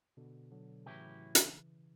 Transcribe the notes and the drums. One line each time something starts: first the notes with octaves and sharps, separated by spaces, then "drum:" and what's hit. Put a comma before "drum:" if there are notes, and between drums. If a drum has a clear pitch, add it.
B2 D3
D3 F#3
A2 C#3 E3 F#3 C#4 E4 G4
drum: hi-hat